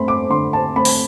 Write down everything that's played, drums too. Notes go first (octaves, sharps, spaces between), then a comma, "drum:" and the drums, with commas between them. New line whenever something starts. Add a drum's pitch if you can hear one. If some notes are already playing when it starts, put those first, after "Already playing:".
Already playing: A3 C4 B5 C6
D6
D3 C6
A5
A3 C4 B5
drum: open hi-hat